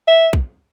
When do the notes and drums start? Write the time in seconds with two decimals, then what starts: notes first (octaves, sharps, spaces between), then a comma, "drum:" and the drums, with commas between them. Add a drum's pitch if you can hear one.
0.08 E5
0.33 drum: kick